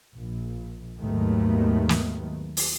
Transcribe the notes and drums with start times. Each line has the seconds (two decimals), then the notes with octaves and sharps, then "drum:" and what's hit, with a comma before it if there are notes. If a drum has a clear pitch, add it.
0.16 A#1
1.00 D#2 G#2 D#3 F#3 A3 B3
1.89 drum: snare
2.57 drum: open hi-hat